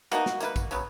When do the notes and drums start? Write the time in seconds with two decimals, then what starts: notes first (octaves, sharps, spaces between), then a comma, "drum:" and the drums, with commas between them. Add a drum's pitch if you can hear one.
0.11 B2 A#3 D#4 F#4, drum: tambourine
0.26 drum: snare
0.40 A#3 E4 B4, drum: tambourine
0.56 drum: kick A1, tambourine
0.71 C#3 F#3 B3, drum: tambourine